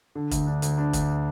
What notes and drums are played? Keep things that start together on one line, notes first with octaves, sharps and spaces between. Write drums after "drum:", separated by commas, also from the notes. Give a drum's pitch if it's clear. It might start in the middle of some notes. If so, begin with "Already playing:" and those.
D3
D2, drum: kick E1, hi-hat
D4
D2, drum: hi-hat
D4
D2, drum: kick E1, hi-hat